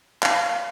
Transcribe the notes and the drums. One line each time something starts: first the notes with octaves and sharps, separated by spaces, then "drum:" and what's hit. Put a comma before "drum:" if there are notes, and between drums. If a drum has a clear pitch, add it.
F5, drum: clap